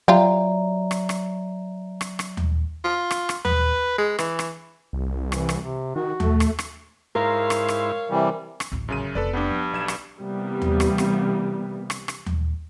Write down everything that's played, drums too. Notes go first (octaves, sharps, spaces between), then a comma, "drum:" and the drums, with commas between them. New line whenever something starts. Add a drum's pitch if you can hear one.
F#3 F4 G4 D5 E5 A#5
drum: rim click
drum: rim click
drum: rim click
drum: rim click
drum: tom D#2
F4
drum: rim click
drum: rim click
B4, drum: tom D#2
G#3
E3, drum: rim click
drum: rim click
C2
E3, drum: rim click
drum: rim click
C3
D#3 F#4
A3, drum: tom D#2
drum: rim click
drum: rim click
G#2 E4 A#4 C5 C#5 F5
drum: rim click
drum: rim click
C3 E3 G3
drum: rim click
A1 D2
F#2 C#3 D#7
F1 A4 B4 D5
G2 B3 D4
F3
B1 G#6 E7
drum: rim click
C3 E3 G3 A#3 B3
drum: tom D#2
drum: rim click
drum: rim click
drum: rim click
drum: rim click
drum: tom D#2